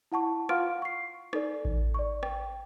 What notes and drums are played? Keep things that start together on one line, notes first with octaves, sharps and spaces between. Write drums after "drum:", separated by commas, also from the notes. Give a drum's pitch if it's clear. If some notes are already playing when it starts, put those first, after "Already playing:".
E4 F#5 A5 C#6
F4 F5 F#5 C6 F6 D7, drum: rim click
C#6 C7
D#4 A4 D5, drum: rim click
drum: kick A1
D5 C#6
G5, drum: rim click